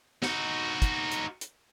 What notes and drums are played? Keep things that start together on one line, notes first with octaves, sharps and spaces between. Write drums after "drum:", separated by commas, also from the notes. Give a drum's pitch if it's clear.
D#4 F#4, drum: snare
drum: kick, hi-hat
drum: hi-hat
drum: hi-hat